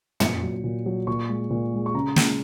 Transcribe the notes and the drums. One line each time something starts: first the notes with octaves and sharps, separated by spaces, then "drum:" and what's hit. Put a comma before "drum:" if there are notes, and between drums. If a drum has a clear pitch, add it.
A#2 C#7, drum: tom
F#3
A#2
F#3
A#2 C#6
G#3
A#2
G#3
C#6
C#3 A#5
G#3, drum: snare